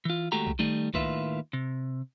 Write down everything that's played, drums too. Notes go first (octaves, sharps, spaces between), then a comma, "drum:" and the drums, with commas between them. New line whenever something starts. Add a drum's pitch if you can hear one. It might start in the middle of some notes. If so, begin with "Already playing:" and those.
E3 F4
D#2 G#3 A3 F#4 G4 A#5
drum: kick B1
D#3 G3 A3 D#4
D#2 A2 D#3 F4 B4 E5, drum: kick B1
C3